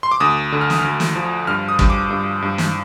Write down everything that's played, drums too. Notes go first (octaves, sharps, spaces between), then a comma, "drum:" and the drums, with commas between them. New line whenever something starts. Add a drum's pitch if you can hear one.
C6
D6
D2 D#6
D3
F6
D#6, drum: snare
D2 F6
drum: snare
F3
G2 F6
D#6
G2, drum: kick
D6
G2
G2
drum: snare